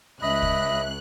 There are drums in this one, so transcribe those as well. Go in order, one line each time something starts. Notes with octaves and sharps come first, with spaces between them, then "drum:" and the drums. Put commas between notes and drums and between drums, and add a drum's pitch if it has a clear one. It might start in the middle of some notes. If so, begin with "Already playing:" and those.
C#2 D#5 E5 B5 F#6
drum: kick